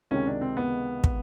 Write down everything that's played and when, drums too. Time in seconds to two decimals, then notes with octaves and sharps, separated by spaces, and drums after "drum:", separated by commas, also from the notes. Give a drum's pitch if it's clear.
0.11 C#2 C3 D#3 G#3 C#4
0.27 D4
0.41 C4
0.57 B3
1.04 drum: kick